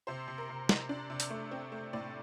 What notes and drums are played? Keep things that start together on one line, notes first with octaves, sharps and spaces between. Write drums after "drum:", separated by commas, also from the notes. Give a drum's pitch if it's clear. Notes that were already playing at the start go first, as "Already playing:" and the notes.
C3 C5
C3
A#4
C3
C3, drum: snare
D4
C3
drum: hi-hat
A3
C4
A3
A2 D5